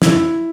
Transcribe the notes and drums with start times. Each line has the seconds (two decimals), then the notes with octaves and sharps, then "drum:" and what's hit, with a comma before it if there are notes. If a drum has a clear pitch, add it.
0.02 E4, drum: snare